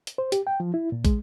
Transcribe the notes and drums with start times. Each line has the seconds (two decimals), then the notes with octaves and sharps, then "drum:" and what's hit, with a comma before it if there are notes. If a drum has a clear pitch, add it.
0.07 drum: hi-hat
0.18 C5
0.32 G4, drum: hi-hat
0.47 G5
0.60 F3
0.74 E4
0.92 A#2
1.05 G#3, drum: kick, hi-hat